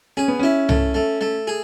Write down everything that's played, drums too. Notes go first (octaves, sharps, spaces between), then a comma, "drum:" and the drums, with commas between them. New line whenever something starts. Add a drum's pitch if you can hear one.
C#4 G#4
B3
C#4 E4
A3, drum: tom C2
A3
A3
G#4